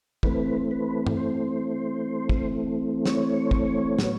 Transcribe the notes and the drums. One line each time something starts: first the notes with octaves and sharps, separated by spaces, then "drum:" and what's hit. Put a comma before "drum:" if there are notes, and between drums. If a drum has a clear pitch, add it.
E3 A3 C4 B4, drum: kick
B4
drum: tom G2
C5
drum: kick
C#5, drum: snare
drum: kick
A2 F#3 B3, drum: snare